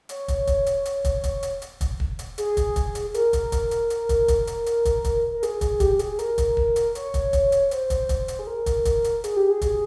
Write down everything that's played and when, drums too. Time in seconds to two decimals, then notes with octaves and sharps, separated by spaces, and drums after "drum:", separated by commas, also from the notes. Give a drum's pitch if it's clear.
0.09 C#5, drum: hi-hat
0.28 drum: kick, hi-hat
0.47 drum: kick, hi-hat
0.66 drum: hi-hat
0.85 drum: hi-hat
1.05 drum: kick, hi-hat
1.24 drum: kick, hi-hat
1.43 drum: hi-hat
1.62 drum: hi-hat
1.81 drum: kick, hi-hat
2.00 drum: kick
2.19 drum: hi-hat
2.38 G#4, drum: hi-hat
2.57 drum: kick, hi-hat
2.76 drum: kick, hi-hat
2.95 drum: hi-hat
3.14 A#4, drum: hi-hat
3.33 drum: kick, hi-hat
3.52 drum: kick, hi-hat
3.71 drum: hi-hat
3.90 drum: hi-hat
4.09 drum: kick, hi-hat
4.28 drum: kick, hi-hat
4.47 drum: hi-hat
4.66 drum: hi-hat
4.85 drum: kick, hi-hat
5.04 drum: kick, hi-hat
5.32 A#4
5.43 G#4, drum: hi-hat
5.61 G#4, drum: kick, hi-hat
5.80 G4, drum: kick, hi-hat
5.99 G#4, drum: hi-hat
6.19 A#4, drum: hi-hat
6.38 drum: kick, hi-hat
6.57 drum: kick
6.76 drum: hi-hat
6.95 C#5, drum: hi-hat
7.14 drum: kick, hi-hat
7.33 drum: kick, hi-hat
7.52 drum: hi-hat
7.71 C5, drum: hi-hat
7.90 drum: kick, hi-hat
8.09 drum: kick, hi-hat
8.28 drum: hi-hat
8.39 G#4
8.47 A#4
8.66 drum: kick, hi-hat
8.85 drum: kick, hi-hat
9.04 drum: hi-hat
9.24 G#4, drum: hi-hat
9.37 G4
9.50 G#4
9.61 drum: kick, hi-hat